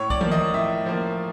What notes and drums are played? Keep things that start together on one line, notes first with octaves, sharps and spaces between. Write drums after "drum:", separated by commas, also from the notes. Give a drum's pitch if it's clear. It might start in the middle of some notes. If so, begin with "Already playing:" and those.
Already playing: A2 C#5
D5, drum: kick
F3 A#3, drum: tom D#3
D#5
A2 E5
F3 A#3